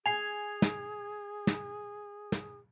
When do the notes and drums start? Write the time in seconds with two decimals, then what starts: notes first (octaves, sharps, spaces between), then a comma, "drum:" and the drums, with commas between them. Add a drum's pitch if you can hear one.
0.06 G#4 G#5 G#6 C7 F7
0.62 drum: snare
1.47 drum: snare
2.32 drum: snare